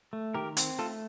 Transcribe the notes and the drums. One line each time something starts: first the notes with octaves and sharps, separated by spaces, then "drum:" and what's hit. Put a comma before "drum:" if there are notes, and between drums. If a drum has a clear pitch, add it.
A3
D#3 G4 A#4
C4, drum: hi-hat
A3 F4 A4